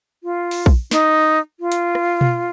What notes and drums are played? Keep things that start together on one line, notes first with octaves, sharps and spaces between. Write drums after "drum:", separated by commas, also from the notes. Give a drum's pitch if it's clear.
F4
drum: open hi-hat
drum: kick A#1
D#4, drum: snare
F4
drum: hi-hat
drum: rim click
drum: tom B2